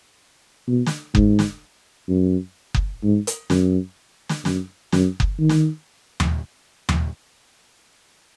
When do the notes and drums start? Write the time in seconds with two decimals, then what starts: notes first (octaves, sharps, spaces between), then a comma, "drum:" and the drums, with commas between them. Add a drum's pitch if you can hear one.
0.67 B2
0.86 drum: snare
1.15 G#2, drum: kick F#1
1.39 drum: snare
2.09 F#2
2.74 drum: kick F#1
3.03 G#2
3.27 drum: hi-hat
3.50 F#2, drum: snare
4.29 drum: snare
4.45 F#2, drum: snare
4.92 F#2, drum: snare
5.20 drum: kick F#1
5.39 D#3
5.49 drum: snare
6.20 drum: tom D#2
6.89 drum: tom D#2